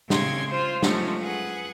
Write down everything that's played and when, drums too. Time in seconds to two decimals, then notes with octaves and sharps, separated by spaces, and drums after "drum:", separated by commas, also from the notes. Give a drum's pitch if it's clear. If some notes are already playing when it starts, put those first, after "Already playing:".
0.10 A2 C#3 G#3 C4 C6 G#6, drum: snare
0.51 F4 C5
0.83 F3 F#3 G#3 A3 C#4, drum: snare
1.22 G#4 B4 F#5